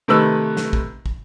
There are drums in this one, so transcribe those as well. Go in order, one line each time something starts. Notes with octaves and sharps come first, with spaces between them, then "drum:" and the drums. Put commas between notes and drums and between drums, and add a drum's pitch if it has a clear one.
C3 D#3 A3 B4 E6 F#7
drum: snare
drum: kick
drum: kick